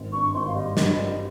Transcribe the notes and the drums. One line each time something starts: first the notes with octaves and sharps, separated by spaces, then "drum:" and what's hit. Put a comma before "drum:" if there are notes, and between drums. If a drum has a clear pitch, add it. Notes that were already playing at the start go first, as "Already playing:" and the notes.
Already playing: G#1
G2 C#6
G#1 C6
F5
G3 D#5
G2 D#5, drum: snare
G3